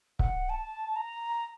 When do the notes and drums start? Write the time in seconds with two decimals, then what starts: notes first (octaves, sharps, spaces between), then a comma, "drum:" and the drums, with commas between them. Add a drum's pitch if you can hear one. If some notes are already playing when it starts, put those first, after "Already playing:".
0.19 F#5, drum: kick C#1
0.49 A5
0.96 A#5